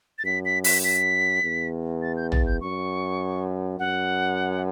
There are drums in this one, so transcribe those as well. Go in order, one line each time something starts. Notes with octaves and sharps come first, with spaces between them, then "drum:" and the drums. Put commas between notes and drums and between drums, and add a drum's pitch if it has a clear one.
A6
F#2 B6
B6
B6, drum: open hi-hat
B6
E2
A6
G6
A6, drum: tom
G6
F#2 C#6
F#2 F#5